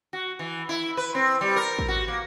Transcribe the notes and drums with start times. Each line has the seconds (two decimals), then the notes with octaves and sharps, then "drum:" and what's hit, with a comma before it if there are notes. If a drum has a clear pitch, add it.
0.13 F#4
0.39 E3
0.69 E4
0.97 B4
1.15 C4
1.41 G3
1.56 A#4
1.78 drum: kick
1.88 F#4
2.08 A#3